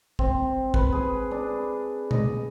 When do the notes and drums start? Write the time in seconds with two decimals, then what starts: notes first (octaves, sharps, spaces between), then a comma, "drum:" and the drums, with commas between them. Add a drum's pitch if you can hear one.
0.19 C4, drum: kick
0.74 B4, drum: kick
0.92 G#4
1.31 D4
2.11 D#5, drum: tom